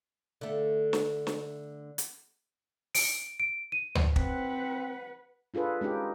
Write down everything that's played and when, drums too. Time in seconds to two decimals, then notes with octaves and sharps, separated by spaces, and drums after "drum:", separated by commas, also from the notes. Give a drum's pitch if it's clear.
0.41 D3 A3
0.93 drum: snare
1.27 drum: snare
1.98 drum: hi-hat
2.95 D7, drum: open hi-hat
3.40 D7
3.72 D#7
3.95 drum: tom D2
4.16 C4 B4 F#5, drum: kick
5.54 D4 F4 G#4 A4 B4
5.81 G#3 C#4 D#4 G4